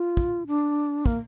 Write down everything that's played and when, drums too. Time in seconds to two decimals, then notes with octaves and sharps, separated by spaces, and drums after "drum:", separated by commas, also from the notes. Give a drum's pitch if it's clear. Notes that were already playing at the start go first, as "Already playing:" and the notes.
Already playing: F4
0.17 drum: kick
0.47 D4
1.06 A#3, drum: kick